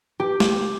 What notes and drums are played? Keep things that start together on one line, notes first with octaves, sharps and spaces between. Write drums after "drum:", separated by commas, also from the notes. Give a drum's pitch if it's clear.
G4
drum: snare